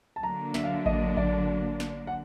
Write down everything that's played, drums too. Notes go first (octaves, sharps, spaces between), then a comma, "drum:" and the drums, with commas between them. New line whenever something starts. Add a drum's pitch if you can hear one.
A5
D3 F#3 A#3 D4 A#5
E5, drum: snare
F5
E5
D#5, drum: kick A1
D5, drum: kick A1
drum: snare
F#5